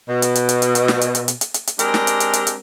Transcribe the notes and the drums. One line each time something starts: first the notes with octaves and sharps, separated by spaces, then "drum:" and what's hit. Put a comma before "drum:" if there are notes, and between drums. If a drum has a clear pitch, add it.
B2
drum: hi-hat
drum: hi-hat
drum: hi-hat
drum: hi-hat
drum: hi-hat
drum: snare
drum: hi-hat
drum: hi-hat
drum: hi-hat
drum: hi-hat
drum: hi-hat
drum: hi-hat
G#3 C4 D4 G4 A#4, drum: hi-hat
drum: snare
drum: hi-hat
drum: hi-hat
drum: hi-hat
drum: hi-hat